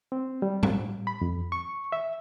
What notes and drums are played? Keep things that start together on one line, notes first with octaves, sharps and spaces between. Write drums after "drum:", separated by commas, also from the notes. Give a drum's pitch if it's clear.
C4
G3
drum: tom
B5
F2
C#6
E5